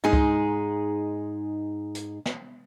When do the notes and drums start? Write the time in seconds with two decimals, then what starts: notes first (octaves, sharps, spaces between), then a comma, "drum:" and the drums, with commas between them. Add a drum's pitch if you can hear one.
0.04 G#2 G#3 D#4 G#4
0.13 drum: kick C#2
1.95 drum: hi-hat
2.25 drum: snare